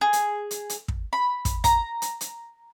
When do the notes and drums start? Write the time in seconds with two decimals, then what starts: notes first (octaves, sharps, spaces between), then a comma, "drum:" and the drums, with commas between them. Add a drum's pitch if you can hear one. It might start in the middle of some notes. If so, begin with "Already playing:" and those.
0.01 G#4
0.13 drum: hi-hat
0.51 drum: hi-hat
0.69 drum: hi-hat
0.88 drum: kick
1.13 B5
1.45 drum: kick, hi-hat
1.64 A#5, drum: kick, hi-hat
2.02 drum: hi-hat
2.21 drum: hi-hat